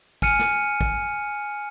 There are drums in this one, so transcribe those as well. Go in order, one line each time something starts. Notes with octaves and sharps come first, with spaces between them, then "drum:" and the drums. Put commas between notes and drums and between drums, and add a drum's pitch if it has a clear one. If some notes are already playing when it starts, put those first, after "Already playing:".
G#5 F6 C#7 D#7, drum: kick
drum: snare
drum: kick